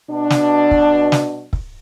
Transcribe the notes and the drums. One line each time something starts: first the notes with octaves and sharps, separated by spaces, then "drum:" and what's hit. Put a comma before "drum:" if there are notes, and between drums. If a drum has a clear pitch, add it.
B2 D4
drum: snare
drum: kick
drum: snare
drum: kick